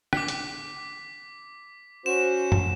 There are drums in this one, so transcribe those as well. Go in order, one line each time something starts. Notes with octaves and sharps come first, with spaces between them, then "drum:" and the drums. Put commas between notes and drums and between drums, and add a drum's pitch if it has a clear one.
D6 B6, drum: rim click
drum: hi-hat
C#4 F#4 C5 E7
drum: tom F#2